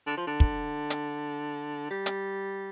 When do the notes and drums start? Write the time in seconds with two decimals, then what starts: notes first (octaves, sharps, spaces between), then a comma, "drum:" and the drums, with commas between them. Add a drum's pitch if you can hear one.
0.06 D3
0.17 F3
0.27 D3
0.40 drum: kick
0.90 drum: hi-hat
1.90 G3
2.06 drum: hi-hat